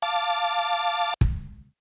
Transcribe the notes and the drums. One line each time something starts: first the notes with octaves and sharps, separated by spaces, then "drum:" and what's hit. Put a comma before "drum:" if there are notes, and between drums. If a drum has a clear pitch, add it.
F5 A5 D6
drum: kick